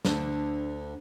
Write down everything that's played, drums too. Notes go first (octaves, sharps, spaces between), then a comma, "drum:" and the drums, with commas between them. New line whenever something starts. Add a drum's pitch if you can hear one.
D2 D3 D4, drum: snare